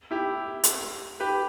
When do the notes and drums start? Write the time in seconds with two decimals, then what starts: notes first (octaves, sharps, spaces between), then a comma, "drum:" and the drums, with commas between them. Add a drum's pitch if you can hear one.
0.11 E4 G4
0.64 drum: hi-hat
1.20 G4 B4